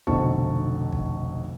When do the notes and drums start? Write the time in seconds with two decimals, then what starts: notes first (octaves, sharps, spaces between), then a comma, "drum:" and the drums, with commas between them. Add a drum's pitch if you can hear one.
0.07 F1 B1 D3 C5 A5 C#6, drum: kick
0.92 drum: kick